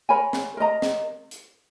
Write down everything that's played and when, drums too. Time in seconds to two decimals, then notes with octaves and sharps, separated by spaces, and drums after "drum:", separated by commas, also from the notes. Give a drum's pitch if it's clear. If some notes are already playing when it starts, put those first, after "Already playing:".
0.09 A#4 C#5 G#5 B5
0.33 drum: snare
0.57 A#4 D#5 A#5
0.82 drum: snare
1.31 drum: hi-hat